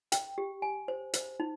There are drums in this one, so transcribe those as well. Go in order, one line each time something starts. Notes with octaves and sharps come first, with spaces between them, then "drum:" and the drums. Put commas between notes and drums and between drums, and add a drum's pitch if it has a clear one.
G5, drum: hi-hat
G4
G#5
C5
C5, drum: hi-hat
D#4